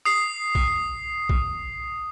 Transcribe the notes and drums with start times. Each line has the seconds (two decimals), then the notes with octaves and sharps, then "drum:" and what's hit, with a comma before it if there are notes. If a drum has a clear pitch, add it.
0.05 D#6 C7
0.55 drum: kick A#1
1.29 drum: kick A#1